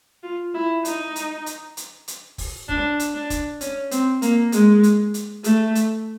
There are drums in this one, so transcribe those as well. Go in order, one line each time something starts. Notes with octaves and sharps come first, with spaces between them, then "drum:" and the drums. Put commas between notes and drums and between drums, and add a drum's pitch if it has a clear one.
F4
E4
D#4, drum: hi-hat
drum: hi-hat
drum: hi-hat
drum: hi-hat
drum: hi-hat
drum: kick, open hi-hat
D4, drum: kick
drum: hi-hat
D4
drum: kick, hi-hat
C#4, drum: hi-hat
C4, drum: hi-hat
A#3, drum: hi-hat
G#3, drum: hi-hat
drum: hi-hat
drum: hi-hat
A3, drum: hi-hat
drum: hi-hat